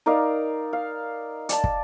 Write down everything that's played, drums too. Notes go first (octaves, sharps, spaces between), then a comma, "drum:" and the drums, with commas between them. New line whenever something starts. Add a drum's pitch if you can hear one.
D#4 A#4 D5 F5
F5
D5 A5, drum: hi-hat
drum: kick